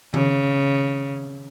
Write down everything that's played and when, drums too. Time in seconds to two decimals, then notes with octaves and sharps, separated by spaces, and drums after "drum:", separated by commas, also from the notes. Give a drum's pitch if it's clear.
0.14 C#3, drum: tom D#3